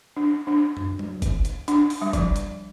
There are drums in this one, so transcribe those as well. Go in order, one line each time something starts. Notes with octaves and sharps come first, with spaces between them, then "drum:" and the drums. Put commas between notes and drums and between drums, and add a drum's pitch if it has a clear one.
D4
D4
drum: tom
drum: tom F#3
drum: kick, hi-hat
drum: hi-hat
D4, drum: hi-hat
drum: open hi-hat
G3
F3, drum: kick, hi-hat
drum: hi-hat